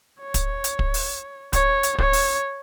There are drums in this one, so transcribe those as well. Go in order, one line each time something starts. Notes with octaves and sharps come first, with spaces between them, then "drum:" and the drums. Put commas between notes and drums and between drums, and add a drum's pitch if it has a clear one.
C#5
drum: kick, hi-hat
drum: hi-hat
drum: kick
drum: open hi-hat
C#5, drum: kick, hi-hat
drum: hi-hat
C#5, drum: kick
drum: open hi-hat